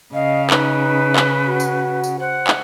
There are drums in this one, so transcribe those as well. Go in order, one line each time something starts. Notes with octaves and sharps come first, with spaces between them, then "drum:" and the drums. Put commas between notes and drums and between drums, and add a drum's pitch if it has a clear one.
C#3 D#5 F5
D#4 B4, drum: clap
drum: clap
F#4
drum: tambourine
drum: tambourine
C5 F#5
drum: clap